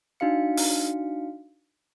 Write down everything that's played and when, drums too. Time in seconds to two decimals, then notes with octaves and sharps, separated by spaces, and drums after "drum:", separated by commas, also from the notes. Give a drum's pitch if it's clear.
0.20 D4 D#4 F#4 F5 C#7
0.57 drum: open hi-hat